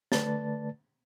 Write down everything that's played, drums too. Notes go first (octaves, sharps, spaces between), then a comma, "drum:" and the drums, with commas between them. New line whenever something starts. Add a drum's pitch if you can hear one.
D3 A3 B4 D5 A5 A6, drum: snare